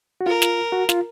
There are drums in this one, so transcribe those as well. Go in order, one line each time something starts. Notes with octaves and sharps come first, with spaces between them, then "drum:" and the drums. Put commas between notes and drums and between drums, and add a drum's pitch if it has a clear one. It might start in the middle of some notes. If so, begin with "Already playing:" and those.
F#4
F4 A#4
drum: snare
F#4
F4, drum: snare